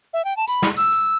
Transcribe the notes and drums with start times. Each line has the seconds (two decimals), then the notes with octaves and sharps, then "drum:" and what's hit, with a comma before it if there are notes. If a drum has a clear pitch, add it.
0.13 E5
0.25 G5
0.37 A5
0.48 B5, drum: tambourine
0.62 drum: snare
0.77 E6, drum: tambourine
0.92 drum: tambourine